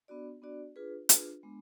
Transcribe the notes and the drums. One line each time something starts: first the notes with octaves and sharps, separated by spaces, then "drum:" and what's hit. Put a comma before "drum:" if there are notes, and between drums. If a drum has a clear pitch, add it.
B3 D4 F#4 D5
B3 D4 F#4 D5
D4 F4 G#4 B4
D4 F4 G#4 B4, drum: hi-hat
G#3 B3 D4